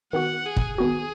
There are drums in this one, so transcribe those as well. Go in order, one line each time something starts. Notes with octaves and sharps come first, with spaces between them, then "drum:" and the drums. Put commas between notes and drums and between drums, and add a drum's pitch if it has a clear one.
D#3 B3 F#4 F#5
G#4
drum: kick
D#3 B3 F#4 G#4